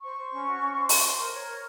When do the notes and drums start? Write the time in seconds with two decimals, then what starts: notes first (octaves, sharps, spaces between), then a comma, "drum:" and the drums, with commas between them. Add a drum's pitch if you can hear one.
0.02 C5 C#6
0.17 C5
0.31 C#4
0.46 F#4
0.60 C#4
0.75 C5
0.89 F#4, drum: open hi-hat
1.03 C5
1.18 A#4
1.33 C#5
1.47 A#4